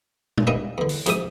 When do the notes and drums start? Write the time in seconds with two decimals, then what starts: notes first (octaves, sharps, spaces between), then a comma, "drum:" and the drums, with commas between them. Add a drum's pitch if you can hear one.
0.37 drum: tom A#2
0.47 G3 A#3 D#5 E5 A#5
0.78 E2 D3
0.89 drum: open hi-hat
1.06 F2 G#2 G4 G#4 E5 D#6, drum: hi-hat